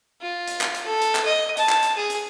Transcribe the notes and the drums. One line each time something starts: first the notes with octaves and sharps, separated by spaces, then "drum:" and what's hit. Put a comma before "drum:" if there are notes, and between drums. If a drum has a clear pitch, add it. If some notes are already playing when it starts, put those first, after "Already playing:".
F4
drum: hi-hat
drum: clap
drum: hi-hat
A4
drum: hi-hat
drum: clap
D#5
A5, drum: hi-hat
drum: clap
drum: hi-hat
G#4
drum: hi-hat